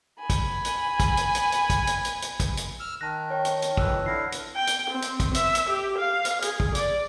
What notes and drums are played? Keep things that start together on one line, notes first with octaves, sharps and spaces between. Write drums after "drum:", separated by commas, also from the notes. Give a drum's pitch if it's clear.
G#5 B5
drum: kick, hi-hat
drum: hi-hat
drum: kick, hi-hat
drum: hi-hat
drum: hi-hat
drum: hi-hat
drum: kick, hi-hat
drum: hi-hat
drum: hi-hat
drum: hi-hat
drum: kick, hi-hat
drum: hi-hat
E6 F6
D#3 A5 F#6 A#6
C#5 G5
drum: hi-hat
drum: hi-hat
F2 D#3 E3 E6 F#6, drum: kick
D3 E4 F6 A#6 C7
drum: hi-hat
G5
drum: hi-hat
C4
drum: hi-hat
drum: kick, hi-hat
E5, drum: hi-hat
drum: hi-hat
G4
F5
drum: hi-hat
G#4, drum: hi-hat
drum: kick
D5, drum: hi-hat